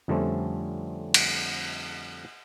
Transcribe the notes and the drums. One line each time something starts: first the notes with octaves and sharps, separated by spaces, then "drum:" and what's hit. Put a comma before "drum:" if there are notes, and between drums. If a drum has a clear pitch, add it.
F2 D3 G3 A3 C4 C#4
drum: cymbal